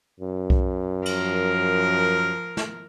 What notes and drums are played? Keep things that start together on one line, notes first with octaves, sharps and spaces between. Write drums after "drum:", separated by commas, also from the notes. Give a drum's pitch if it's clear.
F#2
drum: kick B1
F3 A#4, drum: cymbal
drum: snare